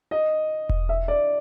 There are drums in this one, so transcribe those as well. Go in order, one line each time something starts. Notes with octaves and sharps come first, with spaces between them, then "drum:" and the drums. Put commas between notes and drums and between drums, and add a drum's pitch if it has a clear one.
D#5
drum: kick E1
E5
D5